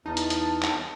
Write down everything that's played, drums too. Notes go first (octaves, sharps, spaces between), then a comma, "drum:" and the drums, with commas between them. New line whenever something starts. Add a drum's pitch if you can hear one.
E2 D#4 A5
drum: hi-hat
drum: hi-hat
drum: clap